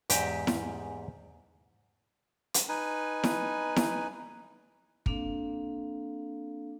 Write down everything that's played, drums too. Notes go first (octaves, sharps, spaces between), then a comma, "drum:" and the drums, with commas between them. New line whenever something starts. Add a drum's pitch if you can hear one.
E2 G#2 G4 E5 G5 A#5, drum: hi-hat
drum: snare E4
drum: hi-hat
D#4 B4 G#5
drum: snare E4
drum: snare E4
A#3 C4 D4 A4 F5, drum: kick